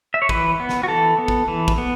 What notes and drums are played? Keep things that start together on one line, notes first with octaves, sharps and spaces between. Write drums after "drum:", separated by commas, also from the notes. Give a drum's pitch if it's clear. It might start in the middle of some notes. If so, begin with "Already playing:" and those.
E5
C#5
E3 B4, drum: kick
B3
drum: snare
F#4
E3 A4
B3
drum: kick
E3
drum: kick
B3